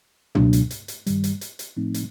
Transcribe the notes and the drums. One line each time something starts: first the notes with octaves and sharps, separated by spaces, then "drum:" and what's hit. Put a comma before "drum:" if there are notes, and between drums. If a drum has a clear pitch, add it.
C#2 B2 F#3 A#3 D4, drum: tom
drum: hi-hat
drum: hi-hat
drum: hi-hat
G2 D#3 G3, drum: hi-hat
drum: hi-hat
drum: hi-hat
drum: hi-hat
A2 F3 A3 C4 D#4
drum: hi-hat